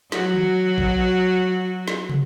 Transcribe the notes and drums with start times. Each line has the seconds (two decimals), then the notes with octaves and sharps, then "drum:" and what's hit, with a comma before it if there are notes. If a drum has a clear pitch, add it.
0.12 F#3 F#4, drum: snare
0.34 drum: tom D#3
0.78 drum: kick A#1
1.88 drum: snare
2.09 drum: tom